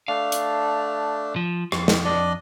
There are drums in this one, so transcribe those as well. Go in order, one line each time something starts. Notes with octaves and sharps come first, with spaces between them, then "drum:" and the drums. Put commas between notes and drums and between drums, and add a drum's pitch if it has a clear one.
A3 D4 F5
drum: hi-hat
F3
F2, drum: rim click
drum: snare
D4 D5 D#5